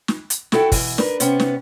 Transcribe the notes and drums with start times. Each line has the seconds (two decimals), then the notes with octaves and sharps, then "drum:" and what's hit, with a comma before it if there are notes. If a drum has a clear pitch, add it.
0.08 drum: snare
0.30 drum: hi-hat
0.52 E4 F#4 A4 E5 F#5 G5, drum: snare
0.72 B2 E3, drum: kick, open hi-hat
0.98 D4 A#4 B4, drum: snare
1.20 C3 B3 C#4, drum: hi-hat
1.40 drum: snare